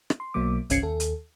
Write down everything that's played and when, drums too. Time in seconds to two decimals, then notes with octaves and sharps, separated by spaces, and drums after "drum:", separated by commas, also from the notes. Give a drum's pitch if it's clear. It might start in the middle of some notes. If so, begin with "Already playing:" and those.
0.10 drum: rim click
0.20 C6
0.34 B1 B2 F#3 A#3 D6
0.70 G1 C2 C#4 G#6 C7 C#7, drum: hi-hat
0.83 D#2 A4
1.00 drum: hi-hat